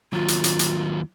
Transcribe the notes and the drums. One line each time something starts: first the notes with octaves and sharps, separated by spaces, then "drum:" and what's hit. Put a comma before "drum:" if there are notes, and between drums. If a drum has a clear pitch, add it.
D#2 F#3 F4
drum: hi-hat
drum: hi-hat
drum: hi-hat